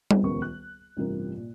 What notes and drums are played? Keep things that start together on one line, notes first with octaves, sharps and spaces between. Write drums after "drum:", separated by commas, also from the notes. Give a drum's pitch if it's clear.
B3 C4 F4 D#5, drum: tom G3
D#1 C#2 F3 B3 A#4 C#6
F#6
A1 G2 C3 F4 A#4
A#2